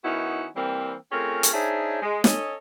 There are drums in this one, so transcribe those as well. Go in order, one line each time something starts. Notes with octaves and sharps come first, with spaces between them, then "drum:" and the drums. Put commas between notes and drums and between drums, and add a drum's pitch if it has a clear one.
D#3 B3 C#4 D#4 E4 F#4
E3 G3 A#3 C4
A3 C4 C#4 F4 G#4 A#4
drum: hi-hat
D4 D#4 G#4 C5 C#5 E5
G#3
C#4 A4 C#5 D#5, drum: snare